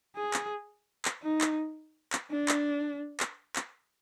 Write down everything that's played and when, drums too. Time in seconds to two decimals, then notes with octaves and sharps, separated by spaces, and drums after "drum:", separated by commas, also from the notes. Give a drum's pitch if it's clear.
0.16 G#4
0.34 drum: clap
1.05 drum: clap
1.23 D#4
1.41 drum: clap
2.13 drum: clap
2.31 D4
2.48 drum: clap
3.20 drum: clap
3.56 drum: clap